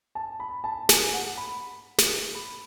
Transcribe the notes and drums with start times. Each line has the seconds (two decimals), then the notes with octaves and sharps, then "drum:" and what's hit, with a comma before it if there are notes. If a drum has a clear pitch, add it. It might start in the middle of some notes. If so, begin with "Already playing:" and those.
0.15 A5
0.40 B5
0.64 A5
0.89 G#5, drum: snare
1.14 F#5
1.37 B5
1.98 drum: snare
2.35 B5